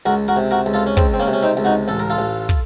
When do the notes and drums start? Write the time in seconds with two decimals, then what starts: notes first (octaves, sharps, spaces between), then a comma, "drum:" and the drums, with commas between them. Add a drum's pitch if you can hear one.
0.06 C#2 F#4 A#4, drum: hi-hat
0.28 F#4 A#4
0.36 C3
0.51 F#4 A#4
0.66 C#2, drum: hi-hat
0.74 F4 A4
0.86 C#4
0.97 C#2 C4, drum: kick
1.14 C4
1.20 A#3 C#4
1.27 C3
1.33 C#4
1.43 C4 D#4
1.57 C#2, drum: hi-hat
1.65 D#4 F#4
1.88 A1 A4, drum: hi-hat
2.00 A#4
2.10 F4 A4
2.18 A1, drum: hi-hat
2.49 drum: kick, hi-hat